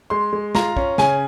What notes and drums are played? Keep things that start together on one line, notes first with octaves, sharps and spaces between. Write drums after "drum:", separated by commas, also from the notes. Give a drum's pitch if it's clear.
G#3 C6
G#3
F4 A#5, drum: snare
C#4, drum: kick
C#3 G#5, drum: snare